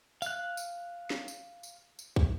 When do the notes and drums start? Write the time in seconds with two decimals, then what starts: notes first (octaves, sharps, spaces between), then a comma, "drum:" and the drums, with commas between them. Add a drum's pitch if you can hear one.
0.22 F5 F#6, drum: tambourine
0.57 drum: tambourine
1.10 drum: snare
1.28 drum: tambourine
1.63 drum: tambourine
1.99 drum: tambourine
2.16 drum: kick